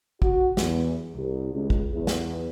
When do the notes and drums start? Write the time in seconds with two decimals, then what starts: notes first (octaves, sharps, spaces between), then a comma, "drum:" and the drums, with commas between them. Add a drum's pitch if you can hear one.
0.22 F#4, drum: kick
0.57 E2, drum: snare
1.15 C2
1.52 C#2
1.70 drum: kick
1.92 E2
2.07 drum: snare